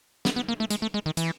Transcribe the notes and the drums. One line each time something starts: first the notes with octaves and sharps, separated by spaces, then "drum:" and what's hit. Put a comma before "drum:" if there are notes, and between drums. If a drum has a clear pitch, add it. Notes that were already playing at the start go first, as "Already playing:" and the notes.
B3, drum: snare
B3
A#3
A3
G#3, drum: hi-hat
A3
G#3
D#3
E3, drum: hi-hat